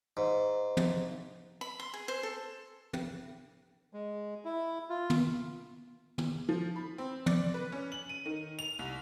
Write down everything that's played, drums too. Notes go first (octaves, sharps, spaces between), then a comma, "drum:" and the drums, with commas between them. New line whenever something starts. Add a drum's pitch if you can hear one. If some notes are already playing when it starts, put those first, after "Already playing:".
G#2
drum: tom
B5
C6
G#4
C5
A4
drum: tom
G#3
E4
F4
drum: tom
drum: tom
F3
B5
C4
D5, drum: tom
B4
C#4
F#7
D#7
D#3
F7
C2